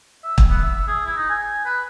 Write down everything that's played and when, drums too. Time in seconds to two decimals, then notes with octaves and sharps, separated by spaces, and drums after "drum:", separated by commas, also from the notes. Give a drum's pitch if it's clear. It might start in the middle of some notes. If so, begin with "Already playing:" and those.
0.24 E5
0.38 drum: kick
0.50 B3
0.63 E5
0.88 G#4
1.06 E4
1.17 D#4
1.30 G#5
1.65 B4